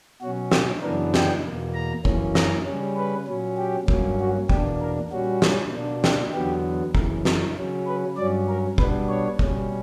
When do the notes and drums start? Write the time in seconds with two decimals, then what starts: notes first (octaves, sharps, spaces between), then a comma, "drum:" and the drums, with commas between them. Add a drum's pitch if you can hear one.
0.21 B2 F#3 C#4 F#4
0.52 G4, drum: snare
0.82 F#2 C#3 E3 B3 D4 A#4
1.14 G5, drum: snare
1.44 E2 B2 A#3
1.75 A#5
2.05 F#2 E3 A#3 C#4, drum: kick
2.35 A#5, drum: snare
2.66 C#3 G3 C#4
2.97 B4
3.28 A#2 F#3 C#4
3.58 G4
3.88 G2 F#3 A#3 C#4, drum: kick
4.20 F#4
4.49 E2 B2 A#3 D4 G4, drum: kick
4.81 A#4
5.11 A#2 G3 C#4 F#4
5.42 drum: snare
5.73 B2 A#3 D4
6.04 G4, drum: snare
6.33 E2 D3 F#3 B3 G4
6.95 F#2 C#3 E3 A#4, drum: kick
7.25 A#4, drum: snare
7.56 C#3 F#3 C#4
7.87 B4
8.17 G2 F#3 C#4 D5
8.48 A#4
8.78 B2 G3 B3 D4 B4, drum: kick
9.09 C#5
9.39 B2 G3 C#4, drum: kick